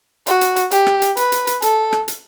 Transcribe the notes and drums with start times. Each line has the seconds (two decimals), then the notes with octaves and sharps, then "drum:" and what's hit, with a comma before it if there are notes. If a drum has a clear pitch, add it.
0.27 F#4, drum: hi-hat
0.41 drum: hi-hat
0.56 drum: hi-hat
0.71 G4, drum: hi-hat
0.87 drum: rim click
1.02 drum: hi-hat
1.17 B4, drum: hi-hat
1.32 drum: hi-hat
1.47 drum: hi-hat
1.62 A4, drum: hi-hat
1.93 drum: rim click
2.08 drum: hi-hat